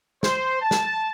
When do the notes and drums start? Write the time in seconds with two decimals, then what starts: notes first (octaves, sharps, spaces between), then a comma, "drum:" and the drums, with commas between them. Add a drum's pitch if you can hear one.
0.23 C5, drum: snare
0.61 A5
0.71 drum: snare